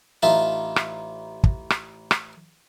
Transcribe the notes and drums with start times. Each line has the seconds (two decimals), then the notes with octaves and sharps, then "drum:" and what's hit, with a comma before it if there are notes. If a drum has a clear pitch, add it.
0.23 A1 D#4 F4 E5
0.76 drum: rim click
1.44 drum: kick
1.70 drum: rim click
2.11 drum: rim click